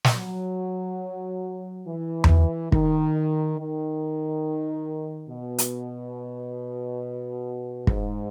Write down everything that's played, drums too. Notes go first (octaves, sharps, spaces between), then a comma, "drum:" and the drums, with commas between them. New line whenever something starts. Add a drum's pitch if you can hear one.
drum: snare
F#3
E3
drum: tom E2
D#3, drum: kick
D#3
B2
drum: hi-hat
G#2, drum: kick